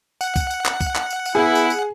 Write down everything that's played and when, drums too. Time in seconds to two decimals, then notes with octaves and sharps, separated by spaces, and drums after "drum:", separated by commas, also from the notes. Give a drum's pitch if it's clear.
0.21 F#5, drum: tambourine
0.36 drum: kick, tambourine
0.51 drum: tambourine
0.66 drum: clap
0.81 drum: kick, tambourine
0.96 drum: clap
1.10 drum: tambourine
1.25 drum: tambourine
1.35 B3 E4 G#4
1.55 drum: tambourine
1.70 drum: tambourine